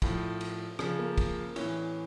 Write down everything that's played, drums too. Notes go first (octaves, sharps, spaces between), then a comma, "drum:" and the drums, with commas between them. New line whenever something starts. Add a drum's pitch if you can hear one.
A2 F3, drum: kick, cymbal
drum: cymbal
C#3 F3, drum: rim click
A#3
drum: kick, cymbal
A2 E3 C#4, drum: cymbal